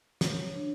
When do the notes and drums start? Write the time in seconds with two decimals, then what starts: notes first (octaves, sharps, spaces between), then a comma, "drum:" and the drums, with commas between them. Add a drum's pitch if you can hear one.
0.21 C#5, drum: snare
0.55 D4